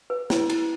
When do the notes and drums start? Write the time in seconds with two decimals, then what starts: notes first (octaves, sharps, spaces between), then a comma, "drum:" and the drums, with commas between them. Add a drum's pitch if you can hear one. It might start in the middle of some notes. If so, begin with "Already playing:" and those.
0.10 B4
0.30 E4, drum: snare
0.50 E4, drum: cymbal